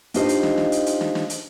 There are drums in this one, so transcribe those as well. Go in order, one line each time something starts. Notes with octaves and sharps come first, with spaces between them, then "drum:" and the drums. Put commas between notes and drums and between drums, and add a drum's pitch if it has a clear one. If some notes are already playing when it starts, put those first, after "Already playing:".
D4 D#4 F4 G4 C5 D#5, drum: hi-hat
drum: hi-hat
drum: snare
drum: snare
drum: hi-hat
drum: hi-hat
drum: snare
drum: snare
drum: hi-hat